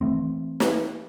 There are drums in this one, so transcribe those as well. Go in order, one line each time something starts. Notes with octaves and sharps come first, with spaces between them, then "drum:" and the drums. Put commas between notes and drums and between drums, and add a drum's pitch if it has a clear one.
E3 A3 C4
drum: snare